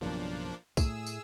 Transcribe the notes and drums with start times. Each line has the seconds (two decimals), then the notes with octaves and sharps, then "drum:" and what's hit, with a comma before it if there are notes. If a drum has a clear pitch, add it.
0.01 B1 G2 C#3 F3 A#3 D4
0.77 A2 A3 G#4 E6, drum: kick B1, tambourine
1.07 drum: tambourine